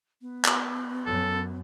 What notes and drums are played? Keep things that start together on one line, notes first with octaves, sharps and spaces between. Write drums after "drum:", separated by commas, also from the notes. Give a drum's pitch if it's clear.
B3
drum: clap
F#2 A4